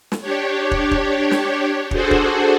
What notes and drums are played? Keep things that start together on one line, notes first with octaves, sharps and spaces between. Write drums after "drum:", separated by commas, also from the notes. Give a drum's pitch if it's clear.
drum: snare
D4 G4 C#5
drum: kick
drum: kick
drum: snare
D4 F#4 G#4 A4 C5, drum: kick
drum: kick